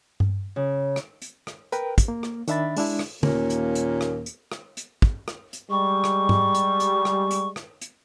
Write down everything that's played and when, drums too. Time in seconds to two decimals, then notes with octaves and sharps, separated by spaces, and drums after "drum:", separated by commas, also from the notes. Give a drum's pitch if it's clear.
0.20 drum: tom G2
0.56 C#3
0.96 drum: rim click
1.22 drum: hi-hat
1.47 drum: rim click
1.72 A#4 B4 G5, drum: hi-hat
1.98 drum: kick, hi-hat
2.08 A#3
2.23 drum: rim click
2.48 D#3 D4 E5 B5 A6, drum: hi-hat
2.77 G#3 D4 E4, drum: open hi-hat
2.99 drum: rim click
3.23 D#2 A#2 A#3 C#4, drum: tom
3.50 drum: hi-hat
3.75 drum: hi-hat
4.01 drum: rim click
4.26 drum: hi-hat
4.52 drum: rim click
4.77 drum: hi-hat
5.02 drum: kick
5.28 drum: rim click
5.53 drum: hi-hat
5.70 G3 G#3 C#6
6.04 drum: rim click
6.29 drum: tom G#2
6.55 drum: hi-hat
6.80 drum: hi-hat
7.05 drum: rim click
7.31 drum: hi-hat
7.56 drum: rim click
7.81 drum: hi-hat